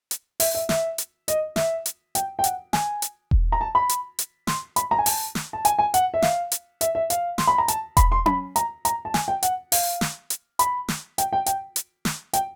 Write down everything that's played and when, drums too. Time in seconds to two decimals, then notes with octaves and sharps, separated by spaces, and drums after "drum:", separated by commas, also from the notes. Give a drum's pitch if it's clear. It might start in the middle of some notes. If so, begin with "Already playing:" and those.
0.11 drum: hi-hat
0.40 E5, drum: open hi-hat
0.55 E5
0.69 E5, drum: snare
0.98 drum: hi-hat
1.28 D#5, drum: hi-hat
1.56 E5, drum: snare
1.86 drum: hi-hat
2.15 G5, drum: hi-hat
2.39 G5
2.44 F#5, drum: hi-hat
2.73 G#5, drum: snare
3.02 drum: hi-hat
3.31 drum: kick E1
3.52 A#5
3.61 A5
3.75 B5
3.89 drum: hi-hat
4.19 drum: hi-hat
4.47 C6, drum: snare
4.76 B5, drum: hi-hat
4.91 A#5
4.99 G#5
5.06 A5, drum: open hi-hat
5.35 drum: snare
5.53 A5
5.65 G#5, drum: hi-hat
5.79 G#5
5.94 F#5, drum: hi-hat
6.14 E5
6.22 F5, drum: snare
6.52 drum: hi-hat
6.81 E5, drum: hi-hat
6.95 E5
7.10 F5, drum: hi-hat
7.38 C6, drum: snare
7.47 B5
7.58 A#5
7.68 A5, drum: hi-hat
7.97 B5, drum: kick E1, hi-hat
8.12 C6
8.26 B5, drum: tom C#4
8.56 A#5, drum: hi-hat
8.85 A#5, drum: hi-hat
9.05 A5
9.14 G#5, drum: snare
9.28 G5
9.43 F#5, drum: hi-hat
9.72 F5, drum: open hi-hat
10.01 drum: snare
10.30 drum: hi-hat
10.59 B5, drum: hi-hat
10.88 drum: snare
11.18 G5, drum: hi-hat
11.33 G5
11.46 G5, drum: hi-hat
11.76 drum: hi-hat
12.05 drum: snare
12.33 G5, drum: hi-hat